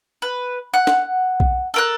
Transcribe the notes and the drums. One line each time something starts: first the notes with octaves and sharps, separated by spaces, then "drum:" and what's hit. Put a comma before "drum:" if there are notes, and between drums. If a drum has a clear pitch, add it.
B4
F#5
drum: snare
drum: kick B1
A4 A#4 F#6